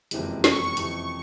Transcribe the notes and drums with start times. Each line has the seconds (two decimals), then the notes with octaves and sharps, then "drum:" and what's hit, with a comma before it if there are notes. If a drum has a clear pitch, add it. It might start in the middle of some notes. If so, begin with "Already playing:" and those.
0.11 F#1 F2 C3 E3 G#3, drum: hi-hat
0.44 C#6, drum: snare
0.77 F2 C3 E3, drum: hi-hat